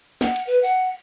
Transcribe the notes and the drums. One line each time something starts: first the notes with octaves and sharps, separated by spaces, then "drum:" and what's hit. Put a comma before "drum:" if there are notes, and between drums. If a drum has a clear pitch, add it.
F#5, drum: snare
drum: cymbal
B4
F#5